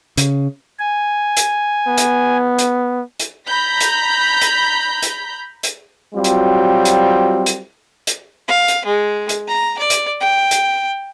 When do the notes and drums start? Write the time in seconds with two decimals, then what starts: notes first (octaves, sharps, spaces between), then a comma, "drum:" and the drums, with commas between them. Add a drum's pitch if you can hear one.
0.18 C#3, drum: hi-hat
0.79 G#5
1.37 drum: hi-hat
1.88 B3
1.98 drum: hi-hat
2.59 drum: hi-hat
3.20 drum: hi-hat
3.46 A#5 B5 G6 B6
3.80 drum: hi-hat
4.41 drum: hi-hat
5.02 drum: hi-hat
5.63 drum: hi-hat
6.15 F#3 G3 C4 F4 F#4
6.24 drum: hi-hat
6.85 drum: hi-hat
7.46 drum: hi-hat
8.07 drum: hi-hat
8.48 F5
8.68 drum: hi-hat
8.85 G#3
9.29 drum: hi-hat
9.47 A#5
9.78 D5
9.90 drum: hi-hat
10.21 G5
10.51 drum: hi-hat